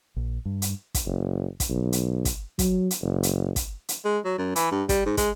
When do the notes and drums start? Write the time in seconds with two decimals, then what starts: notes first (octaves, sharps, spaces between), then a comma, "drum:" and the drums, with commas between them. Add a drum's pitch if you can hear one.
0.16 A#1
0.45 G2
0.62 drum: hi-hat
0.94 drum: kick, hi-hat
1.06 F#1
1.60 drum: kick, hi-hat
1.69 B1
1.93 drum: hi-hat
2.25 drum: kick, hi-hat
2.59 F#3, drum: kick, hi-hat
2.91 drum: hi-hat
3.02 F#1
3.23 drum: hi-hat
3.56 drum: kick, hi-hat
3.89 drum: hi-hat
4.05 G#3
4.25 F#3
4.38 F#2
4.56 E3, drum: hi-hat
4.72 G2
4.89 G3, drum: kick, hi-hat
5.05 G#2
5.17 G#3, drum: kick, hi-hat